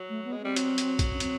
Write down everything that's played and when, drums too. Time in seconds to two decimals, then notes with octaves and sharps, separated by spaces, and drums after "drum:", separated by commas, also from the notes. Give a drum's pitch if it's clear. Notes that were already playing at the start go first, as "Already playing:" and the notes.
Already playing: F#3
0.09 A3
0.25 B3
0.32 G#3
0.41 G3 C4
0.56 F#3, drum: hi-hat
0.78 drum: hi-hat
0.99 drum: kick, hi-hat
1.14 C#4
1.20 C4, drum: hi-hat